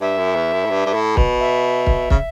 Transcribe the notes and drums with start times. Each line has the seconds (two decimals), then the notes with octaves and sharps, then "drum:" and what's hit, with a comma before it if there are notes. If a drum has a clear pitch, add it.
0.01 G2 E5
0.18 F#2
0.36 E2
0.53 F#2
0.65 A2
0.71 G2
0.86 G2
0.94 A2
1.17 B2, drum: kick
1.40 E5
1.87 drum: kick
2.10 C#3, drum: kick